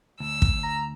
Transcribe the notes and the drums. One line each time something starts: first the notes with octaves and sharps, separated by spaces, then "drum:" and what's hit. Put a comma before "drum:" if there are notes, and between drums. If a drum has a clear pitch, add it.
D2 E6
drum: kick
A#5